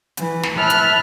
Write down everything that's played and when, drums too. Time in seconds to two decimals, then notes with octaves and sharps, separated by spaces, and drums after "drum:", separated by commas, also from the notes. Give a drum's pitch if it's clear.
0.17 E3, drum: hi-hat
0.43 drum: snare
0.57 E5 A5 B5 F6 F#6
0.70 drum: hi-hat